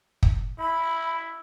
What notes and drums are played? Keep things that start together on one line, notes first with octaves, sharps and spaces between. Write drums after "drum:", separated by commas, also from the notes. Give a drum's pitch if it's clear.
drum: kick
E4 B5